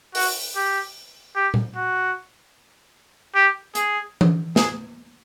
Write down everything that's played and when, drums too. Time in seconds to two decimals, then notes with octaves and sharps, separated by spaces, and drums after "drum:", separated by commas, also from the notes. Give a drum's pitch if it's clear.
0.15 F#4, drum: open hi-hat
0.56 G4
1.36 G4
1.54 drum: tom A#2
1.76 F#4
3.35 G4
3.75 G#4, drum: hi-hat
4.21 drum: tom E3
4.56 G#4, drum: snare